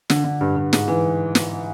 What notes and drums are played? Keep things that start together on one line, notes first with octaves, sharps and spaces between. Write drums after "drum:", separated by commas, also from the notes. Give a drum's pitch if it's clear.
D3, drum: snare
D3
G2
G2
G#2, drum: snare
E3
drum: snare